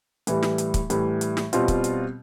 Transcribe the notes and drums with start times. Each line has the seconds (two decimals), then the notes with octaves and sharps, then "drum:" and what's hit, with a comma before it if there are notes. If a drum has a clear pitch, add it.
0.27 A2 E3 G3, drum: hi-hat
0.43 drum: snare
0.58 drum: hi-hat
0.74 drum: kick, hi-hat
0.90 A2 E3 G3, drum: hi-hat
1.21 drum: hi-hat
1.37 drum: snare
1.53 B2 G3 C4 F4, drum: hi-hat
1.68 drum: kick, hi-hat
1.84 drum: hi-hat